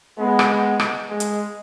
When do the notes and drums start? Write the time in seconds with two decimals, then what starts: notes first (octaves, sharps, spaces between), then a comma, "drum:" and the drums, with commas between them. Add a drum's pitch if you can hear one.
0.19 G#3 B3
0.39 drum: rim click
0.80 drum: rim click
1.10 G#3
1.20 drum: hi-hat